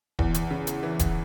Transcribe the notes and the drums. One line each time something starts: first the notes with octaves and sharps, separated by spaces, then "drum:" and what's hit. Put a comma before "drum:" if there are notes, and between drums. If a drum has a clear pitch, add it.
E2, drum: kick D#1
drum: hi-hat
C#3
drum: hi-hat
E3
drum: kick D#1, hi-hat